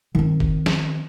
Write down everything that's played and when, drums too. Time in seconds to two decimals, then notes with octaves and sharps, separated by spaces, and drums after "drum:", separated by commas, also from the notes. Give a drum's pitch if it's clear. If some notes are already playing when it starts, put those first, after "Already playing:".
0.15 D#3 C4
0.40 drum: kick G1
0.66 drum: snare